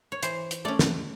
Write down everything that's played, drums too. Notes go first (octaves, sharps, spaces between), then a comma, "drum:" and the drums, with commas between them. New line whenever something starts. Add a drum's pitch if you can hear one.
C#5
E3 C5, drum: hi-hat
drum: hi-hat
A3 C#4 D5
drum: snare